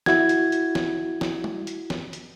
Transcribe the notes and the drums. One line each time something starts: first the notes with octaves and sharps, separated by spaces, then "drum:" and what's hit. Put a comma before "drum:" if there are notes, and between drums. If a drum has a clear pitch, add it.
E4 F#4 G#6, drum: snare
drum: hi-hat
drum: hi-hat
drum: snare
drum: snare
drum: tom G3
drum: hi-hat
drum: snare
drum: hi-hat